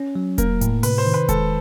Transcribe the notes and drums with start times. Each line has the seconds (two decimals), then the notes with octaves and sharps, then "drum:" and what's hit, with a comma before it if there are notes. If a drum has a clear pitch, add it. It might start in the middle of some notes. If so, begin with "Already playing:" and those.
Already playing: C#4
0.15 F#3
0.38 A#3 A#4, drum: kick E1, hi-hat
0.61 A2, drum: hi-hat
0.83 C3 B4, drum: open hi-hat
0.98 C5
1.06 D#3
1.14 B4
1.28 G#3 A4, drum: kick E1, hi-hat